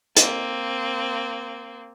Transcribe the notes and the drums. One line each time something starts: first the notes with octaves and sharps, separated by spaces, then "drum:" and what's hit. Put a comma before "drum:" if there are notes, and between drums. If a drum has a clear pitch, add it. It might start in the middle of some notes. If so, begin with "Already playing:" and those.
A#3 C4, drum: hi-hat